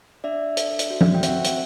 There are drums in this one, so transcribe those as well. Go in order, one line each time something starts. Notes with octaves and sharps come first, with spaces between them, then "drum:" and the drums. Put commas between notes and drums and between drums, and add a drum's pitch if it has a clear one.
D4 D5 E5
A4, drum: hi-hat
drum: hi-hat
F#4
drum: tom
G5
C4 E5 F#5, drum: hi-hat
drum: hi-hat